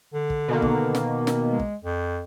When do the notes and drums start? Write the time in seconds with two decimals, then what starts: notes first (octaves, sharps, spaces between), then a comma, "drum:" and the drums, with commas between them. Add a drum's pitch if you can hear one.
0.14 D3
0.30 drum: kick
0.48 B2 D#3 A#3
0.62 drum: kick
0.95 drum: snare
1.27 drum: snare
1.50 G#3
1.59 drum: kick
1.84 F2